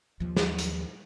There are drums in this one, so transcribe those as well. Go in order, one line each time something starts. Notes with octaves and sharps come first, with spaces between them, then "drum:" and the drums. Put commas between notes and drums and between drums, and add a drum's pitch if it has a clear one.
D#2 F3
drum: snare
drum: hi-hat